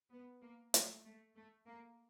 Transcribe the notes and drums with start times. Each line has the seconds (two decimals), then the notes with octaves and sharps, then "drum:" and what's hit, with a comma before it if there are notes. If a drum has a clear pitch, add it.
0.11 B3
0.42 A#3
0.74 A3, drum: hi-hat
1.04 A3
1.36 A3
1.67 A#3